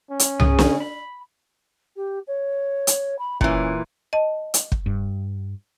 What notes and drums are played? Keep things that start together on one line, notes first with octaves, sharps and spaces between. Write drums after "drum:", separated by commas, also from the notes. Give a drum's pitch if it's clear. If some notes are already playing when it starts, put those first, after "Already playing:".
C#4
drum: hi-hat
C#3 G#4, drum: tom C2
drum: snare
B5
G4
C#5
drum: hi-hat
B5
A#2 E3 C#4, drum: kick
D#5 A5
drum: hi-hat
drum: kick
G2